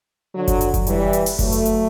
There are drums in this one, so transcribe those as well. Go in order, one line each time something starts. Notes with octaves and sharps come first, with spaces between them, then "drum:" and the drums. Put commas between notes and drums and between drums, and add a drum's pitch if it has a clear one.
D3 F#3
drum: kick F#1, hi-hat
drum: hi-hat
drum: kick F#1, hi-hat
E3 G3, drum: hi-hat
drum: hi-hat
drum: open hi-hat
F#3 A3, drum: kick F#1, hi-hat
drum: hi-hat
drum: hi-hat